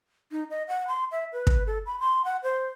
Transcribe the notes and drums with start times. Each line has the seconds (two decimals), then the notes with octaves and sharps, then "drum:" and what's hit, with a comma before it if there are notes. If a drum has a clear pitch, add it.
0.32 D#4
0.50 D#5
0.68 F#5
0.88 C6
1.12 E5
1.33 B4
1.47 drum: kick
1.67 A4
1.86 B5
2.00 C6
2.25 F#5
2.43 C5